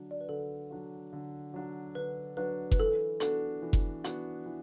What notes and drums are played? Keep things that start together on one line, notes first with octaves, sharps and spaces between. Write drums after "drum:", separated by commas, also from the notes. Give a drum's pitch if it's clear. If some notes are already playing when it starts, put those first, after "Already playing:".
Already playing: D3 F#3 D4 F#4
D5
B4
D3 A4
F#3 D4 F#4
D3
F#3 D4 F#4
D3 B4
F#3 D4 F#4 B4
B4, drum: kick F#1
E3 A4
B3 D4 F#4 A4, drum: hi-hat
E3
drum: kick F#1
B3 D4 F#4, drum: hi-hat
E3